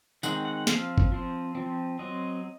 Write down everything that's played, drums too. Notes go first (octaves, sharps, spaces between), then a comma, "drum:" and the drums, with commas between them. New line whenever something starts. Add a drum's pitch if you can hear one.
D#3 G#3 C4 F#5, drum: tambourine
F#5
F3 C4 F5, drum: snare
drum: kick
F3 C4
F3 C4
F#3 C4 D#5